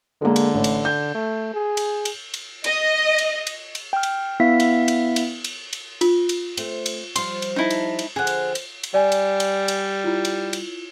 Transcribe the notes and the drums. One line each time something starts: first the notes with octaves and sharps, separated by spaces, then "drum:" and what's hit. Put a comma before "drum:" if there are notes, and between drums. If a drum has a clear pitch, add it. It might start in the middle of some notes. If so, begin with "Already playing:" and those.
D3 G#3 A#3
drum: cymbal
A1
drum: cymbal
G6
A3
G#4
drum: cymbal
drum: cymbal
drum: cymbal
D#5, drum: cymbal
drum: cymbal
drum: cymbal
drum: cymbal
G5 F6
drum: cymbal
B3 E4 E5 F5 B6
drum: cymbal
drum: cymbal
drum: cymbal
drum: cymbal
drum: cymbal
F4, drum: cymbal
drum: cymbal
A3 C4, drum: cymbal
drum: cymbal
F3 G3 C6, drum: cymbal
drum: cymbal
D#4 E4 A5
drum: cymbal
drum: cymbal
D3 F3 G#4 F#5
drum: cymbal
drum: cymbal
drum: cymbal
G3 D5 G#5
drum: cymbal
drum: cymbal
drum: cymbal
E4 F4
drum: cymbal
drum: cymbal